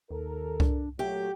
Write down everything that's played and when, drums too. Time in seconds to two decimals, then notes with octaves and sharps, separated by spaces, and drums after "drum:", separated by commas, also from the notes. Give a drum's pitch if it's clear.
0.11 D#2 A4 A#4
0.60 D4, drum: kick C2
0.99 A#2 F#3 A3 G4